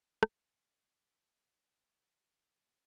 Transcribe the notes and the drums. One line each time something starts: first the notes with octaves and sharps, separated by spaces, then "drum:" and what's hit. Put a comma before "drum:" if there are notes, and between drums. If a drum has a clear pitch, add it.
drum: rim click
C#5 E5 A#5 B5 C#6
G#2 D#6
D#4 G4 D5 D#5 F#5 F6
A#1 F2 A#3 F#4 B5 D#6
E4 G4
F3 G3 A#3 G4 G#4 C#5